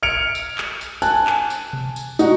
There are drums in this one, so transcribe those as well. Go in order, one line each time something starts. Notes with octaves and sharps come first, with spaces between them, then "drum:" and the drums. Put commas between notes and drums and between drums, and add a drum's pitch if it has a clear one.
F6 G#6 C#7 D7 F7
drum: tambourine
drum: clap
drum: tambourine
G#5 A5 F#6, drum: tambourine
drum: clap
drum: tambourine
drum: tom B2
drum: tambourine
D#4 F#4, drum: tambourine